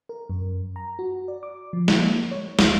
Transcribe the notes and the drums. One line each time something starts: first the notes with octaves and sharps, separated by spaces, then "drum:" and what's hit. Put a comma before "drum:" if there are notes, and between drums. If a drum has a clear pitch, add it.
A#4
F#2
A#5
F#4
D5
D6
F3
drum: snare
A#3
C#5
C#2, drum: snare